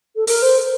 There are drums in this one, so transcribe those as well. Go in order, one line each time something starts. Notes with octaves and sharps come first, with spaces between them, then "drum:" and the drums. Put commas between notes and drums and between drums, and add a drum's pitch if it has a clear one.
A4
A#4, drum: open hi-hat
C5